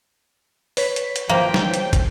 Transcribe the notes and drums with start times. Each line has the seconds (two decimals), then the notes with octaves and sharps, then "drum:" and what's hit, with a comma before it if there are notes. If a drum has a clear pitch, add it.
0.77 B4 C#5 B6, drum: open hi-hat
0.96 drum: hi-hat
1.16 drum: hi-hat
1.30 F3 A#3 C5 G5
1.54 drum: snare
1.74 drum: hi-hat
1.93 drum: kick, hi-hat